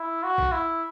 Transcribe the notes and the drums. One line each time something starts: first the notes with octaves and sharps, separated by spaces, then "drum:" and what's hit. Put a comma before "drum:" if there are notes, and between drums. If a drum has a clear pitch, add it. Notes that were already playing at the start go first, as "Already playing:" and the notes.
Already playing: E4
F#4
drum: kick B1
E4